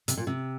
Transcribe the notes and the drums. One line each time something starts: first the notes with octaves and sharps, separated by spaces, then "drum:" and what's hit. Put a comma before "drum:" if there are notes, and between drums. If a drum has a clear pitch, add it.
C3, drum: hi-hat
A#2
C3